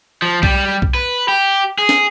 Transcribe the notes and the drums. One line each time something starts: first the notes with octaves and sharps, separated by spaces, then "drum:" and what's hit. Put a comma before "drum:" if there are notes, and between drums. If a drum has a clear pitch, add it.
F3
G3, drum: kick B1
drum: kick B1
B4
G4
G#4
drum: snare